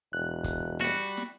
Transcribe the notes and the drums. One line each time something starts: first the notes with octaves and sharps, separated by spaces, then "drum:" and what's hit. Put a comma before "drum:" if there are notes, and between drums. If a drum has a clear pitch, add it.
E1 F#6
drum: kick, hi-hat
G3 F#4, drum: snare
drum: snare